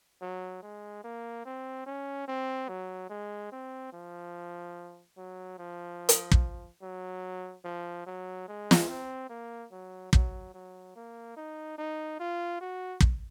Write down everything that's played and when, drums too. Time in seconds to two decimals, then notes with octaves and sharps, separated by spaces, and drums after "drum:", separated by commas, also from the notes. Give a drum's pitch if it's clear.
0.21 F#3
0.62 G#3
1.04 A#3
1.45 C4
1.86 C#4
2.28 C4
2.69 F#3
3.10 G#3
3.52 C4
3.93 F3
5.17 F#3
5.59 F3
6.09 drum: hi-hat
6.31 drum: kick
6.82 F#3
7.64 F3
8.06 F#3
8.48 G#3
8.71 drum: snare
8.88 C4
9.29 A#3
9.72 F#3
10.13 F#3, drum: kick
10.54 F#3
10.96 A#3
11.37 D#4
11.78 D#4
12.20 F4
12.61 F#4
13.00 drum: kick